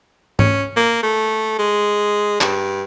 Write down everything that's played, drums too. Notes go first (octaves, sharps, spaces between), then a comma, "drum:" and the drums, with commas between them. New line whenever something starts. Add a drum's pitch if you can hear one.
C#4, drum: tom G#2
A#3
A3
G#3
G2, drum: clap